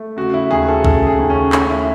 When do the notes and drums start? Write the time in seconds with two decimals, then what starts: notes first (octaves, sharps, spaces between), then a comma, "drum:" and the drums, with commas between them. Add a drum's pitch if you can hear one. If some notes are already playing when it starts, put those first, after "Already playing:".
Already playing: A3
0.17 C#3 F#4
0.34 E4
0.51 D#2 G#4
0.68 A4
0.85 C#3 A4, drum: kick B1
1.07 G#4
1.19 D#2
1.30 C#4
1.52 A3 C#4, drum: clap
1.70 E4